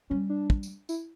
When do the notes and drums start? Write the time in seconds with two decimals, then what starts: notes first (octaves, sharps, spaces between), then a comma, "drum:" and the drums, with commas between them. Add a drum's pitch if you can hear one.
0.10 G3 C#4
0.30 D4
0.50 drum: kick
0.63 drum: tambourine
0.89 E4, drum: tambourine